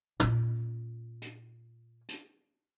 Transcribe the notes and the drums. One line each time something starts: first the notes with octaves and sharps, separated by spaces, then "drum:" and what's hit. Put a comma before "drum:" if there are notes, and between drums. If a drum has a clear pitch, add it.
A#2 C#4, drum: tom
drum: hi-hat
drum: hi-hat